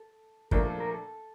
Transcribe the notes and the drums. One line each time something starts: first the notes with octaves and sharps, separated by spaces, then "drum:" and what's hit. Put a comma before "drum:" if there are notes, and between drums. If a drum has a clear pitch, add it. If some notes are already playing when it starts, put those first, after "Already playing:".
Already playing: A4
A#2 F3 A3 D4 A#4, drum: kick
A4
A#4
A4